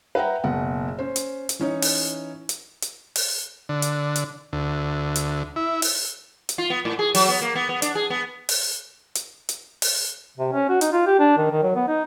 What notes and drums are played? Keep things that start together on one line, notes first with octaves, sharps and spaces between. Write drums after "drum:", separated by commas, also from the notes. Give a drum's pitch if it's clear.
B4 E5 F#5 G5 A#5
F#1 B2 F#5
C#4 C5
drum: hi-hat
drum: hi-hat
E3 C#4 D#4 C#5
drum: open hi-hat
drum: hi-hat
drum: hi-hat
drum: open hi-hat
D3
drum: hi-hat
drum: hi-hat
D2
drum: hi-hat
E4
drum: open hi-hat
drum: hi-hat
F4
B3
A2
G#4
F#3, drum: open hi-hat
B3
A#3
B3
B3
D4, drum: hi-hat
G#4
B3
drum: open hi-hat
drum: hi-hat
drum: hi-hat
drum: open hi-hat
C3
C#4
F#4
D#4, drum: hi-hat
F4
G4
D4
D#3
D#3
F#3
B3
D#4